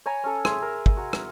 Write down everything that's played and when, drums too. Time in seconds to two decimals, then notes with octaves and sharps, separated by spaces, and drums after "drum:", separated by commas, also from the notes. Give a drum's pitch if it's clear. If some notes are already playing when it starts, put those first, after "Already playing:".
0.06 C#5 G#5 A#5 B5
0.24 C#4 A4
0.45 G#4 E5 G#5 C6, drum: rim click
0.62 A#4
0.86 drum: kick
0.97 F#4 A#5
1.13 drum: rim click